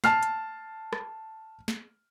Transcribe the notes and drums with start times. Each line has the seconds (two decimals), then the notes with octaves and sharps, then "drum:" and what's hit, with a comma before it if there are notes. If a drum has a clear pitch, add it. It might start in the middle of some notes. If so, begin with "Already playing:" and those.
0.04 A5 F6 C7, drum: snare
0.23 drum: hi-hat
0.93 drum: rim click
1.68 drum: snare